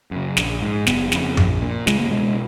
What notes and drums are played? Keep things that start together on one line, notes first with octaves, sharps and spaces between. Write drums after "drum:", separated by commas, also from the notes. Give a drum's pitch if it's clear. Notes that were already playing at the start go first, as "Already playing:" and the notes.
F#2 C#3
A#1, drum: snare
G#2
F#1 B3, drum: snare
F2 C#3, drum: snare
A#1, drum: tom F#2
A#2
C#2 G#3, drum: snare
A#3
B2 G#3